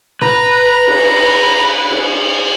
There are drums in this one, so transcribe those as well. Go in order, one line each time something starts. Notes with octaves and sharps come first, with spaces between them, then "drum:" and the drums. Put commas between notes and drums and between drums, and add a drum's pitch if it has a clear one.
B4 A#5, drum: tom A2
drum: cymbal
drum: cymbal